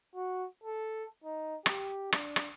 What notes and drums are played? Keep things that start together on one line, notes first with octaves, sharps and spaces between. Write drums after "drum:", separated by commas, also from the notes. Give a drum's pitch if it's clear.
F#4
A4
D#4
G4, drum: rim click
D4, drum: rim click
drum: rim click